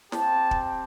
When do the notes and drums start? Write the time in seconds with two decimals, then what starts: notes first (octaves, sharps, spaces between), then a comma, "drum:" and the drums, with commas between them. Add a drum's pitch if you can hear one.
0.12 C4 G4 A5, drum: snare
0.51 drum: kick